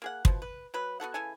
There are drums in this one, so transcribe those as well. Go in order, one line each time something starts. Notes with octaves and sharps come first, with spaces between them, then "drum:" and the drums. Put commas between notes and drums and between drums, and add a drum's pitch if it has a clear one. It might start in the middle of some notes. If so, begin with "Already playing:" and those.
A#3 G#4 F#5
B2 F3, drum: kick
B4
F#3 B4
B3 F#4 A4 F#5
C#3 E3 A4 G#5